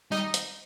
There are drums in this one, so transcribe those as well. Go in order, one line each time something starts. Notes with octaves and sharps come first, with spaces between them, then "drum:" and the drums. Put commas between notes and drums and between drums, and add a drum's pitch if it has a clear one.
G3 D#4 D#5
drum: hi-hat